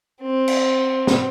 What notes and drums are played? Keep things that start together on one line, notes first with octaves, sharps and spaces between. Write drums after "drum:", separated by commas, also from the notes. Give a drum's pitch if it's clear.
C4
drum: cymbal
drum: snare